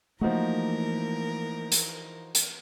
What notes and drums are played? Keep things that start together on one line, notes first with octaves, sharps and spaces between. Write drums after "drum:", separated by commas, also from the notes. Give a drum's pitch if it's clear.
E3 F3 A3 A#3 D#4 F#4 A#4
drum: hi-hat
drum: hi-hat